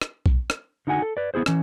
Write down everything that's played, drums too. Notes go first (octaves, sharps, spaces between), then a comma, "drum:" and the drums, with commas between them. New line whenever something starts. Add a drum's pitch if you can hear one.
drum: rim click
drum: kick
drum: rim click
D3 D#4 F#4 F#5 G#5
A4
B4 D5
B3 E4 G#4 C5
E3 C#4, drum: rim click